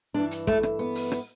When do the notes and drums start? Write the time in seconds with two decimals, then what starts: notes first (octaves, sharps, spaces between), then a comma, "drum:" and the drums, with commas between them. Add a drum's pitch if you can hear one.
0.14 G2 E3 D4
0.31 drum: hi-hat
0.47 A3, drum: kick
0.63 drum: rim click
0.79 B3
0.95 drum: open hi-hat
1.12 drum: rim click